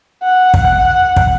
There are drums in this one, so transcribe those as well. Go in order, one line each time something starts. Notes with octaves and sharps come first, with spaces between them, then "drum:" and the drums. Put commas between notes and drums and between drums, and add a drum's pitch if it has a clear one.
F#5
drum: kick
F#5
drum: kick